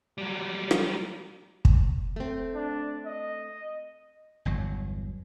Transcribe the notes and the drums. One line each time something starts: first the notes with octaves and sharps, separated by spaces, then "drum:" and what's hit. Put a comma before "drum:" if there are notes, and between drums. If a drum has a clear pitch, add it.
F#3 G3
drum: rim click
drum: kick
A3 C4
D4
D#5
G1 E2 F#3